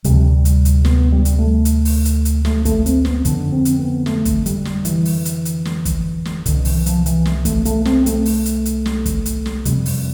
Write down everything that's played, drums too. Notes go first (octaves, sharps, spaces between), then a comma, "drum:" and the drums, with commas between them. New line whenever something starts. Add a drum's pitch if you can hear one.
D2 C3 G3, drum: hi-hat
F3
G3
drum: hi-hat
drum: hi-hat
B3, drum: snare
G3
drum: hi-hat
A3
drum: hi-hat
drum: open hi-hat
drum: hi-hat
drum: hi-hat
A3, drum: snare
A3, drum: kick, hi-hat
C4, drum: hi-hat
B3, drum: snare
F2 D3 D4, drum: hi-hat
C4
drum: hi-hat
B3
A3, drum: snare
drum: kick, hi-hat
G3, drum: hi-hat
drum: snare
E3, drum: hi-hat
drum: open hi-hat
drum: hi-hat
drum: hi-hat
drum: snare
drum: kick, hi-hat
drum: snare
C2 B2 D3, drum: hi-hat
E3, drum: open hi-hat
F3, drum: hi-hat
E3, drum: hi-hat
drum: snare
A3, drum: kick, hi-hat
A3, drum: hi-hat
C4, drum: snare
A3, drum: hi-hat
drum: open hi-hat
drum: hi-hat
drum: hi-hat
drum: snare
drum: kick, hi-hat
drum: hi-hat
drum: snare
F2 C3 G3, drum: hi-hat
drum: open hi-hat